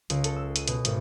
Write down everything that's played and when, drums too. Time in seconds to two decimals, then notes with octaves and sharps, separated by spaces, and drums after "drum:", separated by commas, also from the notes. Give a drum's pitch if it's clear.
0.10 C#2, drum: hi-hat
0.24 A4, drum: hi-hat
0.36 E6
0.56 D#7, drum: hi-hat
0.68 B2, drum: hi-hat
0.85 G#1, drum: hi-hat